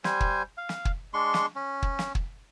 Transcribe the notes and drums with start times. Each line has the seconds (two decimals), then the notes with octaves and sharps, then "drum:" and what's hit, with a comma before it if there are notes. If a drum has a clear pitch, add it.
0.04 G3 C5 G#5, drum: snare
0.20 drum: kick
0.58 F5
0.69 drum: snare
0.85 drum: kick
1.14 G#3 D4 C6 C#6
1.34 drum: snare
1.55 C#4
1.82 drum: kick
1.99 drum: snare
2.15 drum: kick